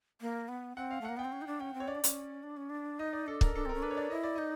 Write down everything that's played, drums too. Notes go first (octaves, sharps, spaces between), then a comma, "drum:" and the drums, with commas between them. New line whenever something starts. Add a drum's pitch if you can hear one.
A#3
B3
C4 F#5
F5
A3
A#3 F#5
B3 G5
C4
C#4
D#4
D4
C#4 G5
C4
C#5
C#4 D5
D4
C#4, drum: hi-hat
D4
C#4
D4
D#4 D#5
D5
D4 A4
A#4, drum: kick
D4 A4
C4
A#4
C#4
D4 B4
C#5
D5
E4 D#5
D5
D#4 D#5